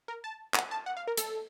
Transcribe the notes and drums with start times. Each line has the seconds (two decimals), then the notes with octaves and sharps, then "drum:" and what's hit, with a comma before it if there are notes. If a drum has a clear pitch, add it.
0.08 A#4
0.24 A5
0.54 F#5, drum: clap
0.71 A5
0.86 F#5
0.97 F5
1.07 A#4
1.17 A4, drum: hi-hat